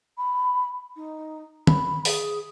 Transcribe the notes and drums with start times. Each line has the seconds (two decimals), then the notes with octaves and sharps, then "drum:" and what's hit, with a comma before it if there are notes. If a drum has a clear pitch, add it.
0.18 B5
0.96 D#4
1.67 B5, drum: tom D#3
2.05 G#4, drum: open hi-hat